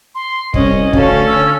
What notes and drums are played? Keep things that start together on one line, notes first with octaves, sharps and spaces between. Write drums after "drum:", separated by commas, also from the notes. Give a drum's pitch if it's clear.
C6
C2 C#4 D#5, drum: kick
D2 C#4 A4 F5, drum: kick
D3 E6